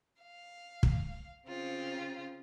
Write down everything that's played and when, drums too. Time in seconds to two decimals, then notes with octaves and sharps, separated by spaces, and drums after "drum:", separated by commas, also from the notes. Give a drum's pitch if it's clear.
0.22 F5
0.83 drum: kick
1.47 C#3 C4 F4